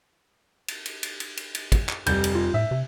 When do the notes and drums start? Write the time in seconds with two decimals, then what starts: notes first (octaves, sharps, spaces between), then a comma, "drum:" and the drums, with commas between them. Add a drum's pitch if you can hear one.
0.68 drum: cymbal
0.86 drum: cymbal
1.03 drum: cymbal
1.20 drum: cymbal
1.37 drum: cymbal
1.55 drum: cymbal
1.72 drum: kick, cymbal
1.89 drum: clap
2.06 F1 G3 G6, drum: cymbal
2.24 drum: cymbal
2.35 F4
2.54 A2 E5
2.71 C3